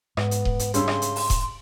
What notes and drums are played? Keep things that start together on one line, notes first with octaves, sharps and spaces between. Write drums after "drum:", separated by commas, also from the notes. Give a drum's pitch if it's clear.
G#2 B3, drum: rim click
drum: hi-hat
drum: kick D#1
drum: hi-hat
G2 C#3 C#4 C6 E6, drum: hi-hat
drum: rim click
drum: hi-hat
drum: open hi-hat
drum: kick D#1, hi-hat